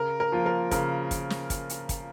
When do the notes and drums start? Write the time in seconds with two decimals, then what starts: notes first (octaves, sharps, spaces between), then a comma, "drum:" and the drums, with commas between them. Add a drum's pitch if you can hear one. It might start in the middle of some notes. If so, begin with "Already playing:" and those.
Already playing: C#3 A#4
0.20 A#4
0.32 F3 A#3 F4
0.46 A#4
0.71 C#3 A#4, drum: kick, hi-hat
1.11 drum: kick, hi-hat
1.30 drum: snare
1.50 drum: kick, hi-hat
1.69 drum: hi-hat
1.89 drum: kick, hi-hat